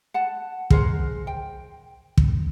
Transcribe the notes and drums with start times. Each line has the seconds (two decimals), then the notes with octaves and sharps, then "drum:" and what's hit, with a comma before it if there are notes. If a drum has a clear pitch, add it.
0.14 F#5 A5
0.70 G#4 A#4 C5 F#5, drum: kick
1.27 G5
2.18 drum: kick